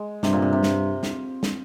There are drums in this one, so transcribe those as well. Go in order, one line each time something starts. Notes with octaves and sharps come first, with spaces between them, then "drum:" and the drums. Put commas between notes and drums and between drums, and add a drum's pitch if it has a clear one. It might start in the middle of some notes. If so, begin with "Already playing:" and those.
Already playing: G#3
G2 C3, drum: snare
A#2
C3
C3
drum: snare
drum: snare
drum: snare